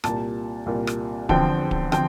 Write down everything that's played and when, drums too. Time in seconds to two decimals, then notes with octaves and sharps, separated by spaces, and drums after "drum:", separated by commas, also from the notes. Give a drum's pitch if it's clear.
0.04 C2 A#2 G3 A#3 A5, drum: rim click
0.66 C2 A#2 G3 A#3
0.87 drum: rim click
1.29 E2 D3 F3 C4 G5, drum: kick D1
1.71 drum: kick D1
1.92 D3 F3 C4 G5, drum: rim click